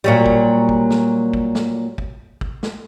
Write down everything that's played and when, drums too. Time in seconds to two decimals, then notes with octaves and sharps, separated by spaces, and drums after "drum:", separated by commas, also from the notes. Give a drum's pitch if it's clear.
0.04 A#2 F#3 G3
0.26 drum: kick
0.69 drum: kick
0.90 drum: snare
1.33 drum: kick
1.55 drum: snare
1.98 drum: kick
2.41 drum: kick
2.63 drum: snare